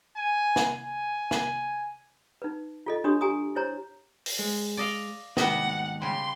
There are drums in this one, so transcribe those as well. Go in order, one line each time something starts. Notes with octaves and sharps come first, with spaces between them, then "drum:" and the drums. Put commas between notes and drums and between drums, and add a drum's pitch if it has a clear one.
G#5
drum: snare
G#5
drum: snare
D#4 B4
F4 A4 D#5
D4 F#4 G4 C#5 D#6
G4 G#5 A#5 D#6
E4 G4 C5 C#5 A#5
drum: open hi-hat
G#3
D5 D#5 F5
D#2 G#2 B2 G3 F#4 D#5 F#5, drum: snare
C#3 G3 C6